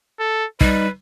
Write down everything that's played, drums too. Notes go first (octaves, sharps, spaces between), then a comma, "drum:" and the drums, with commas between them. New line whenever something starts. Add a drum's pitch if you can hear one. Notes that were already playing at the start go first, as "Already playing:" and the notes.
A4
G3 D#4 B4, drum: kick